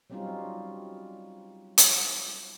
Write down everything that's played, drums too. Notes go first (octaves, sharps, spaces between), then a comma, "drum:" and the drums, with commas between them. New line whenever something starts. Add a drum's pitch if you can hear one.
F#3 G3 C4 C#4 D#4 F4
drum: hi-hat